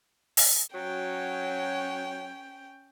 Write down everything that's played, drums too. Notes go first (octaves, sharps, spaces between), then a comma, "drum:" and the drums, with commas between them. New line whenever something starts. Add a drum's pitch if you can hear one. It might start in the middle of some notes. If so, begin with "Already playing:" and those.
drum: open hi-hat
F#3 C#4 G5